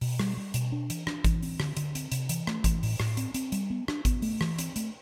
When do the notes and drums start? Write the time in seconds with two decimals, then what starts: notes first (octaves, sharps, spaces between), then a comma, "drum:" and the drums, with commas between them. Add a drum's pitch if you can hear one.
0.01 B2, drum: open hi-hat
0.19 G3, drum: rim click
0.37 G3
0.54 B2, drum: hi-hat
0.72 D4
0.90 E3, drum: hi-hat
1.07 D4, drum: rim click
1.24 E3, drum: kick G#1, hi-hat
1.43 C4, drum: open hi-hat
1.60 D3, drum: rim click
1.77 D3, drum: hi-hat
1.95 C4, drum: hi-hat
2.12 C3, drum: hi-hat
2.29 E3, drum: hi-hat
2.47 A3, drum: rim click
2.64 E3, drum: kick G#1, hi-hat
2.83 A2, drum: open hi-hat
3.00 A2, drum: rim click
3.17 C4, drum: hi-hat
3.34 C4, drum: hi-hat
3.52 G3, drum: hi-hat
3.70 B3
3.88 D4, drum: rim click
4.05 B3, drum: kick G#1, hi-hat
4.22 A3, drum: open hi-hat
4.41 E3, drum: rim click
4.58 C4, drum: hi-hat
4.76 A3, drum: hi-hat